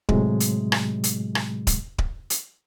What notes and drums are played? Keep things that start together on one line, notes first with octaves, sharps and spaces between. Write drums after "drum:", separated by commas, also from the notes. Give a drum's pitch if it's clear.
A2 C3 F#3 G#3, drum: kick D1
drum: hi-hat
drum: rim click
drum: hi-hat
drum: rim click
drum: kick D1, hi-hat
drum: kick D1
drum: hi-hat